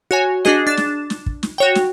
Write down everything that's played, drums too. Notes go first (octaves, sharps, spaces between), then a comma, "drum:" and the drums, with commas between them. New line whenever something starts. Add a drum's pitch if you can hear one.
F#4 C#5 G#5
D4 F#4 G#4 D#5, drum: snare
D4 A6 E7
drum: snare
drum: snare
drum: kick
drum: snare
F#4 C#5 G5
drum: snare